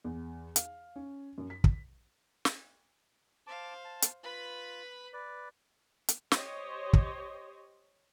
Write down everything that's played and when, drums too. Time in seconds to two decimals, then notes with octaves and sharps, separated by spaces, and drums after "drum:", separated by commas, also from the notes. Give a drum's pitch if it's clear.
0.04 E2
0.56 F5, drum: hi-hat
0.96 C#4
1.38 F#2
1.50 B6
1.64 drum: kick
2.45 drum: snare
3.47 C5 F5 A5 D6
3.85 A5
4.02 drum: hi-hat
4.24 F4 B4 B5
5.13 B4 D5
6.09 drum: hi-hat
6.32 G4 C5 C#5 D#5, drum: snare
6.93 drum: kick